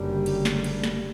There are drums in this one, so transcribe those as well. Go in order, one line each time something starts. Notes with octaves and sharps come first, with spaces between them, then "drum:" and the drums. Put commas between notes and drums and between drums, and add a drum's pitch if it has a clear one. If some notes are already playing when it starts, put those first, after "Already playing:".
Already playing: F#1 F#2 D3 G3
drum: cymbal
drum: snare
drum: cymbal
drum: snare